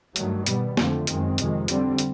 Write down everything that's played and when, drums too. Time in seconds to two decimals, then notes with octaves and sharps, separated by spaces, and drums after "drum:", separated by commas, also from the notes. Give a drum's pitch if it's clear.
0.16 G2 D#3 F#3 A3, drum: hi-hat
0.46 B2 G3 B3, drum: hi-hat
0.77 F2 D3 F3 A3 C4, drum: snare
1.07 F#2 D#3 G#3 C4, drum: hi-hat
1.38 F2 C3 D#3 G#3, drum: hi-hat
1.68 D3 G3 C4, drum: hi-hat
1.98 drum: hi-hat